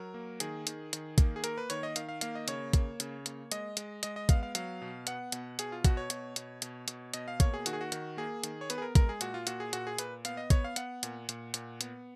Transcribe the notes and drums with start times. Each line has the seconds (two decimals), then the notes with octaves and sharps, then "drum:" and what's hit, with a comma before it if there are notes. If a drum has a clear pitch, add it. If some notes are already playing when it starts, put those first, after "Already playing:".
Already playing: F#3 A#4
0.14 A#3
0.40 D#3 G#4, drum: hi-hat
0.67 D#3, drum: hi-hat
0.93 D#3, drum: hi-hat
1.18 A#3, drum: kick A1, hi-hat
1.36 G#4
1.44 A#3 A#4, drum: hi-hat
1.58 B4
1.70 D#3 C#5, drum: hi-hat
1.83 D#5
1.96 D#3 F5, drum: hi-hat
2.09 F5
2.21 A#3 F5, drum: hi-hat
2.35 D#5
2.48 C#3 C#5, drum: hi-hat
2.73 A#3, drum: kick A1, hi-hat
3.00 C#3, drum: hi-hat
3.26 A#3, drum: hi-hat
3.52 G#3 D#5, drum: hi-hat
3.77 G#3, drum: hi-hat
4.03 G#3 D#5, drum: hi-hat
4.16 D#5
4.29 B3 F5, drum: kick A1, hi-hat
4.43 F5
4.55 F#3 F5, drum: hi-hat
4.82 B2
5.07 B3 F#5, drum: hi-hat
5.32 B2, drum: hi-hat
5.59 B2 G#4, drum: hi-hat
5.72 F4
5.85 B2 F#4, drum: kick A1, hi-hat
5.97 C#5
6.10 B2, drum: hi-hat
6.36 B2, drum: hi-hat
6.62 B2, drum: hi-hat
6.88 B2, drum: hi-hat
7.14 B2 D#5, drum: hi-hat
7.28 F5
7.40 A#3 C#5, drum: kick A1, hi-hat
7.54 G#4
7.66 D#3 F#4, drum: hi-hat
7.73 G#4
7.81 F#4
7.92 D#3, drum: hi-hat
8.17 A#3 G#4
8.44 D#3, drum: hi-hat
8.61 C#5
8.70 B3 B4, drum: hi-hat
8.78 G#4
8.82 A#4
8.95 G#3 A#4, drum: kick A1, hi-hat
9.09 G#4
9.21 A#2 F#4, drum: hi-hat
9.34 F4
9.47 A#2 F#4, drum: hi-hat
9.60 G#4
9.73 A#2 F#4, drum: hi-hat
9.87 G#4
9.98 A#2 B4, drum: hi-hat
10.25 B3 F5, drum: hi-hat
10.37 D#5
10.50 B3 C#5, drum: kick A1, hi-hat
10.64 F5
10.76 B3 F#5, drum: hi-hat
11.03 A#2, drum: hi-hat
11.29 A#2, drum: hi-hat
11.54 A#2, drum: hi-hat
11.81 B3, drum: hi-hat